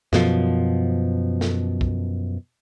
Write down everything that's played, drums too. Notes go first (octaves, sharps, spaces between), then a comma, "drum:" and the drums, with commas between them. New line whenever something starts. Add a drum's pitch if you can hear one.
F#2 B2 F3, drum: snare
drum: snare
drum: kick